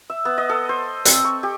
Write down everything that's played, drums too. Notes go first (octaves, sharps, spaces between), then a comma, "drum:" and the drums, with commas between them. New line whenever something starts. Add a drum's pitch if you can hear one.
E5
B3
D#5
A4
C5
C4, drum: hi-hat
C#6
G4